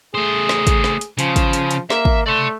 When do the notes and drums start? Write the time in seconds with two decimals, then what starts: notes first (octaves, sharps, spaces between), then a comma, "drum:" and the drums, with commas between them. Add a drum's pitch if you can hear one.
0.15 A3 G#4 C5
0.49 drum: snare
0.67 drum: kick, hi-hat
0.84 drum: snare
1.01 drum: hi-hat
1.19 C#3 F3, drum: hi-hat
1.36 drum: kick, hi-hat
1.53 drum: hi-hat
1.71 drum: hi-hat
1.90 A#3 E5, drum: snare
2.05 drum: kick
2.26 A3 D5 C6